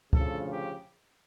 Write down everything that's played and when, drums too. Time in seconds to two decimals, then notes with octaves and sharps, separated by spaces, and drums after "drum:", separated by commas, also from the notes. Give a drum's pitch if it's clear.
0.13 D2 C#3 F3 A4, drum: kick
0.51 G4